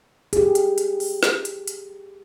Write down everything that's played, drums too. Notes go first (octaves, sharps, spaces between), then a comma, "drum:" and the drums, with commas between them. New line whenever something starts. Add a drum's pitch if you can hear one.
G4 G#4, drum: hi-hat
drum: hi-hat
drum: hi-hat
drum: open hi-hat
drum: snare
drum: hi-hat
drum: hi-hat